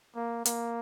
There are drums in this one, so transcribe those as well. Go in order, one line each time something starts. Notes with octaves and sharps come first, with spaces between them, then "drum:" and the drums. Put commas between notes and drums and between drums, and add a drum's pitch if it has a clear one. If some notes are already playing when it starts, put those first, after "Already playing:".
A#3
A#3, drum: hi-hat